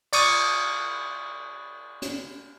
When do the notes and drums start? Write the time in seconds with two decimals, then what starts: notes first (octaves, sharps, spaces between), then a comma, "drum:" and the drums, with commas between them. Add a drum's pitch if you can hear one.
0.13 D5 C#6 D#6, drum: cymbal
2.02 drum: hi-hat